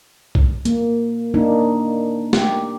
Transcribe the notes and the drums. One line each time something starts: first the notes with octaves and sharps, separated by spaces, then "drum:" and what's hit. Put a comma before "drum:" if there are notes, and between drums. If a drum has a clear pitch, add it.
drum: kick B1
A#3, drum: hi-hat
A#3 D4 D#4
G4, drum: snare